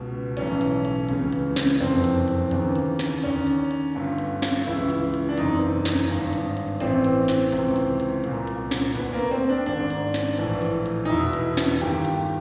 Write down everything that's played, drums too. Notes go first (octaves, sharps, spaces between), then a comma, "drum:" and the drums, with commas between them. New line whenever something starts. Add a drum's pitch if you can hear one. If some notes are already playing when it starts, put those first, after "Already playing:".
Already playing: C#2 B2
B1 A2 E3 C#4, drum: hi-hat
drum: hi-hat
drum: hi-hat
C#2 C#3 E3, drum: hi-hat
drum: hi-hat
drum: snare
F#1 F2 C3 E3 C4, drum: hi-hat
drum: hi-hat
drum: hi-hat
D#2 C#3 E3, drum: hi-hat
drum: hi-hat
drum: snare
D#2 D3 C#4, drum: hi-hat
drum: hi-hat
drum: hi-hat
G1 G2 D3
drum: hi-hat
drum: snare
C#2 C#3 E3 E4, drum: hi-hat
drum: hi-hat
drum: hi-hat
D4
F#1 E2 C3 E3 D#4, drum: hi-hat
drum: hi-hat
drum: snare
G#1 G2 D3, drum: hi-hat
drum: hi-hat
drum: hi-hat
A1 A2 E3 C4, drum: hi-hat
drum: hi-hat
drum: snare
C#2 C3 E3, drum: hi-hat
drum: hi-hat
drum: hi-hat
C2 A#2, drum: hi-hat
drum: hi-hat
drum: snare
D2 D3 B3, drum: hi-hat
A#3
C4
D4
G#1 G#2 D#3 D4, drum: hi-hat
drum: hi-hat
drum: snare
A#1 A2 E3, drum: hi-hat
drum: hi-hat
drum: hi-hat
D#4
E1 E2 B2 E4
drum: hi-hat
drum: snare
G1 G2 D#3 G4, drum: hi-hat
drum: hi-hat